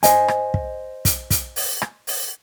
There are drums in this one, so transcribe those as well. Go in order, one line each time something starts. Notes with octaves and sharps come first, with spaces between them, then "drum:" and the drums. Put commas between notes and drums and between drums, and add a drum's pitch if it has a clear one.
C5 D#5 G#5, drum: hi-hat
drum: rim click
drum: kick
drum: kick, hi-hat
drum: kick, hi-hat
drum: open hi-hat
drum: rim click
drum: open hi-hat